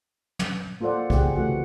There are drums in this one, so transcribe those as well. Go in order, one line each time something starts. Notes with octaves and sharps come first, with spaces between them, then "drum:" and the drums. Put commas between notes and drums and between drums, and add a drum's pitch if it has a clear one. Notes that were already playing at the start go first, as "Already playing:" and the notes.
drum: tom
A#3 F4 A4 C5 D5 F#5
C#3 A#3 G4 G#4 F#5, drum: kick C2
C3 E3 A3 F#4 F#5